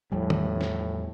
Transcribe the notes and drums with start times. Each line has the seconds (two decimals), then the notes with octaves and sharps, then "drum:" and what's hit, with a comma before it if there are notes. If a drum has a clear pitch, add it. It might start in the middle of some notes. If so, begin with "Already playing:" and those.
0.12 E2 A2 F3 G3
0.30 drum: tom D#3
0.61 drum: snare